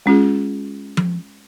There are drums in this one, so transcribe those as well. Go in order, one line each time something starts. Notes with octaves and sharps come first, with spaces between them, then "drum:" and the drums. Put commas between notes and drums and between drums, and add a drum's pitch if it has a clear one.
G#3 C#4 F4 G#4
drum: tom F3